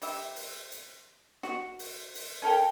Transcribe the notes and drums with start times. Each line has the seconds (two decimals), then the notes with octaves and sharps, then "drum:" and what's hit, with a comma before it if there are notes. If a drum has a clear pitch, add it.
0.02 G3 G4 E5, drum: open hi-hat
0.36 drum: open hi-hat
0.72 drum: hi-hat
1.43 F#4, drum: snare
1.79 drum: open hi-hat
2.15 drum: open hi-hat
2.42 C#4 A4 A#4 G5